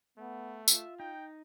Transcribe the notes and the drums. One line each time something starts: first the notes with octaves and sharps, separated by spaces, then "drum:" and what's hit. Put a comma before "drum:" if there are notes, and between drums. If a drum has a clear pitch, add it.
A3 B3
F4 E5, drum: tambourine
D#4 G5